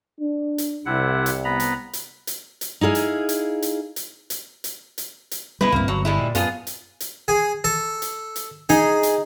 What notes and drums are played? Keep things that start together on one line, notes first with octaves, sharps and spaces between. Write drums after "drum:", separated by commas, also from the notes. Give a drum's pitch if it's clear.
D4
drum: hi-hat
C2 C3 E4 F#5
drum: hi-hat
B3 A#5 B5
drum: hi-hat
drum: hi-hat
drum: hi-hat
drum: hi-hat
D#4 E4 G#4 F5
drum: hi-hat
drum: hi-hat
drum: hi-hat
drum: hi-hat
drum: hi-hat
drum: hi-hat
drum: hi-hat
drum: hi-hat
G3 G#3 B3 E4 B4
C#2 G2 A#3 C4 E4
G1 F#3
G3 G#3 E4
A#2
F#2 B3 F4 G#4, drum: hi-hat
drum: hi-hat
drum: hi-hat
G#4
A4
drum: hi-hat
drum: hi-hat
D#4 G#4, drum: hi-hat
drum: hi-hat